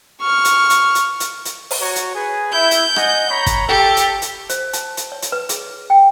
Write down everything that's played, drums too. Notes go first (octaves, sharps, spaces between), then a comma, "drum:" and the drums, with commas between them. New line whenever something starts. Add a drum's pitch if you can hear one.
C#6 F6
drum: hi-hat
drum: hi-hat
drum: hi-hat
drum: hi-hat
drum: hi-hat
drum: open hi-hat
F#4 C#5 A#5
drum: hi-hat
G#4 B4 G#5
E4 G6
drum: hi-hat
D#5 F#5 G#5, drum: rim click
C#5 A#5 B5
drum: kick, hi-hat
G4 A4
drum: hi-hat
drum: hi-hat
C5, drum: hi-hat
A5, drum: hi-hat
drum: hi-hat
C#5
drum: hi-hat
B4
G#4, drum: hi-hat
G5